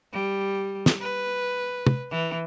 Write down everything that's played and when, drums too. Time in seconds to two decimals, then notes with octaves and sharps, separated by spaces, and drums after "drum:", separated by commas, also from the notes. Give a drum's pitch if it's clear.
0.13 G3
0.86 drum: snare
1.00 B4
1.87 drum: tom
2.11 E3